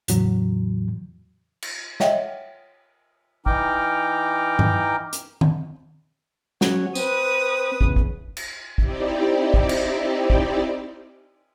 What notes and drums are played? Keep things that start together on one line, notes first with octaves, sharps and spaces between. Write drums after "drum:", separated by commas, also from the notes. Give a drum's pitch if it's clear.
E2 A2 C#3 E3 F#3, drum: hi-hat
drum: cymbal
C#5 D#5 E5 F#5 G5, drum: snare
E3 D#4 G5 A#5 D6 F6, drum: kick
drum: tom G2
drum: hi-hat
drum: tom D#3
F#3 C#4 F#4 C#5, drum: snare
C4 B4 D#6, drum: tambourine
E2 C#3, drum: kick
drum: kick
drum: cymbal
C4 D#4 E4 G4 D5, drum: kick
drum: kick
drum: cymbal
drum: kick